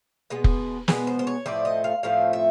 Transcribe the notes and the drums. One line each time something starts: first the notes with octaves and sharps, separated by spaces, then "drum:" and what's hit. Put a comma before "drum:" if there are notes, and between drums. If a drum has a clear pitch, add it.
B2 G#3 B3 B4
drum: kick F1
B2 G#3 B3 B4, drum: snare
C5
C5
C#5
A2 F3 A3 C4 D5
D#5
F5
A2 F3 A3 C4 F5
E5